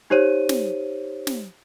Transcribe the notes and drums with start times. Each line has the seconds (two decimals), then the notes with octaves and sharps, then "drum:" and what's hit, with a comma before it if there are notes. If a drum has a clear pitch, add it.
0.10 D#4 G4 C5 C#5 D#7
0.49 drum: snare
1.27 drum: snare